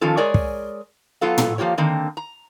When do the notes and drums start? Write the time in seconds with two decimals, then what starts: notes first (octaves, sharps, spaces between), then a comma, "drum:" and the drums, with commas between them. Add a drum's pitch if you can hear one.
0.01 D#3 F3 C#4 F4 A4
0.17 G#3 G#4 A#4 C#5 D5 G#5
0.34 drum: kick
1.21 F#3 B3 F4 A4 F5
1.38 drum: tom
1.58 F3 A#3 F4 G4 C#5
1.78 D3 D#3 A#3 C4
2.17 A#5